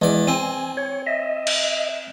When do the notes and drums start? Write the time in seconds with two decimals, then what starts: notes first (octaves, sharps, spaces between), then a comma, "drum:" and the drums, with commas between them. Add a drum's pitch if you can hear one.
0.02 E2 G#3 D5
0.28 C4 G#5
0.77 C#5
1.07 D#5 E5
1.47 drum: cymbal